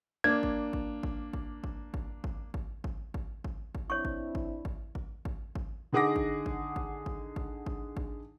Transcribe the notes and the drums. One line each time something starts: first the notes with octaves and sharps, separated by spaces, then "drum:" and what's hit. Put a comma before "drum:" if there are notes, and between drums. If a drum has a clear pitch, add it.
A#3 D4 G#6
drum: kick G#1
drum: kick G#1
drum: kick G#1
drum: kick G#1
drum: kick G#1
drum: kick G#1
drum: kick G#1
drum: kick G#1
drum: kick G#1
drum: kick G#1
drum: kick G#1
drum: kick G#1
C4 D4 E4 C#5 C#6
drum: kick G#1
drum: kick G#1
drum: kick G#1
drum: kick G#1
drum: kick G#1
drum: kick G#1
D3 D#4 G#4 F#5 D6 A#6
drum: kick G#1
drum: kick G#1
drum: kick G#1
drum: kick G#1
drum: kick G#1
drum: kick G#1
drum: kick G#1